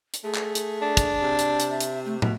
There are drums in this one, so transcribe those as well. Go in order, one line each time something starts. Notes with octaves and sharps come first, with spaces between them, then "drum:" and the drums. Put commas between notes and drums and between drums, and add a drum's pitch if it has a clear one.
drum: hi-hat
A3 G#4
drum: clap
drum: hi-hat
D4
drum: kick, hi-hat
C3
drum: hi-hat
drum: hi-hat
E5
drum: hi-hat
A3
B2 A3, drum: tom